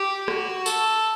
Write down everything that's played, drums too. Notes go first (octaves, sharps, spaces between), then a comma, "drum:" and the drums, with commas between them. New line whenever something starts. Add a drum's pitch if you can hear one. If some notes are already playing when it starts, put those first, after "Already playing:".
Already playing: G4
F#4, drum: rim click
A4, drum: tambourine